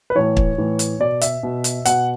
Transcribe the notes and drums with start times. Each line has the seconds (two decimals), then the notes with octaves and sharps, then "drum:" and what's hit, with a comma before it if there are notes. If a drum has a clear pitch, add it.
0.10 B4
0.15 A2 E3 C#5
0.37 drum: kick
0.58 A2 E3
0.79 drum: hi-hat
1.00 B2 D5
1.21 E5, drum: hi-hat
1.43 B2
1.64 drum: hi-hat
1.85 B2 F#5, drum: hi-hat